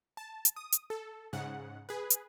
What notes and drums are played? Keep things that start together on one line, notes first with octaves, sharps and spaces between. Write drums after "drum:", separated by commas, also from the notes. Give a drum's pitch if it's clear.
A5
drum: hi-hat
D#6
drum: hi-hat
A4
G#2 C#3 F#5
G#4 B4
drum: hi-hat